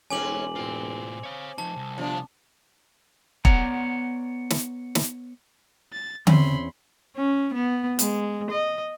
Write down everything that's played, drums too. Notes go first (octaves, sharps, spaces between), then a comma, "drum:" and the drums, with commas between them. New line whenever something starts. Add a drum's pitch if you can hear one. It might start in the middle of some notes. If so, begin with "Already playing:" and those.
E1 G#2 C4 C#4 G#5 D6 F#7
A2 C4 F4
C#5 F5
F3 D#4 A5
C2
G1 F3 D4
B3 C#5 D5 F#5 A#5, drum: kick E1
drum: snare
drum: snare
A6
E2 C4 C#4 B5 C6, drum: tom D3
C#4
B3
G#3, drum: hi-hat
D#5